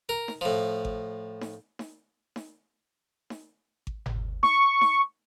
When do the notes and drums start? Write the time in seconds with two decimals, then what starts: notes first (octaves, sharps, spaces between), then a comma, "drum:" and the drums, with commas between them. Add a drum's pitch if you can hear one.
0.09 A#4
0.28 drum: snare D#4
0.41 A2 F3
0.85 drum: kick G#1
1.41 drum: snare D#4
1.79 drum: snare D#4
2.36 drum: snare D#4
3.30 drum: snare D#4
3.87 drum: kick G#1
4.06 drum: tom G1
4.43 C#6, drum: snare D#4
4.81 drum: snare D#4